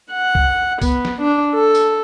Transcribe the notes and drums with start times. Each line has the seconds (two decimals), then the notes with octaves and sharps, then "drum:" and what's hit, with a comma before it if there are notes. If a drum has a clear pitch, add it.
0.12 F#5
0.35 drum: kick C2
0.82 B3, drum: kick C2, tambourine
1.05 drum: snare
1.21 D4
1.55 A4
1.75 drum: tambourine